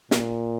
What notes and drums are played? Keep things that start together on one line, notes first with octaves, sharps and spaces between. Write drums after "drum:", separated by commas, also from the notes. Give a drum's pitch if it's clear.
A#2, drum: snare